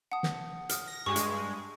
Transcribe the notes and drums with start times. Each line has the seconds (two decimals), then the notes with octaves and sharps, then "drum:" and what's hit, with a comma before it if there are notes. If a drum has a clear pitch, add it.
0.12 F#5 A5 D#6
0.23 drum: snare
0.69 D#6 F6, drum: hi-hat
0.88 A#6
1.06 G2 G#3 C#6
1.16 drum: hi-hat